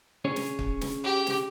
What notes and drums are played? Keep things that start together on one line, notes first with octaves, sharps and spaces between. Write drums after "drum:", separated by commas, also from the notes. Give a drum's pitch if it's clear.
C#4 G#4 C#5
drum: snare
drum: kick
drum: snare
G4
drum: snare